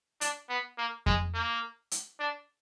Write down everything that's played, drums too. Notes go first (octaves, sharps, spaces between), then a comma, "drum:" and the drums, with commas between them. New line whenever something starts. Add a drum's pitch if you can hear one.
D4, drum: hi-hat
B3
A#3
G#3, drum: kick F2
A#3
drum: hi-hat
D4